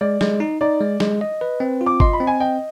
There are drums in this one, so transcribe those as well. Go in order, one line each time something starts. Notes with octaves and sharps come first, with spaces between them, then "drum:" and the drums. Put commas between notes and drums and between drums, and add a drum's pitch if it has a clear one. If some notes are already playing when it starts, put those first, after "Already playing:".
G#3 D5
G#3, drum: snare
D#4
D#4 D5
G#3
G#3, drum: snare
D#5
B4
C4
F4
D6
D#5 C6, drum: kick G1
B5
C4
G#5
D#5 G5